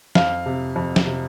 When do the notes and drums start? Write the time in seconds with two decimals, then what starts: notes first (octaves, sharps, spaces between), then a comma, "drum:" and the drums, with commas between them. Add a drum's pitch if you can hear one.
0.15 F2 F5, drum: snare
0.46 C3
0.76 F2
0.96 drum: snare
1.06 C3